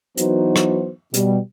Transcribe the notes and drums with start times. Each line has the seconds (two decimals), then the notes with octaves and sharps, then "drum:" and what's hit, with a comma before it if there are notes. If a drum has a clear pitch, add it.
0.17 E3 F#3 B3 D#4 F#4 C5, drum: hi-hat
0.56 drum: rim click
1.14 B2 G3, drum: hi-hat